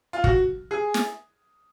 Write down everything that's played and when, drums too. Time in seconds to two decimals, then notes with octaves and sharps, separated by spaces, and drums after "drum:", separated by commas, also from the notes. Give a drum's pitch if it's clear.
0.13 F4
0.24 F#4, drum: kick
0.71 G#4
0.94 drum: snare